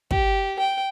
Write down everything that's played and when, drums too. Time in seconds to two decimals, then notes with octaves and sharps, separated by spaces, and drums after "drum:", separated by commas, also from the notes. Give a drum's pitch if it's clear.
0.11 G4, drum: kick
0.59 G5